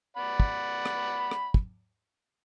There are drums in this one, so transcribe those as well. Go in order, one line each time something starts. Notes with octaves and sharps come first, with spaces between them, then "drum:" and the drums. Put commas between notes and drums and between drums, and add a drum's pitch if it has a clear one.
D5 F#5 B5
drum: kick
drum: rim click
drum: rim click
drum: kick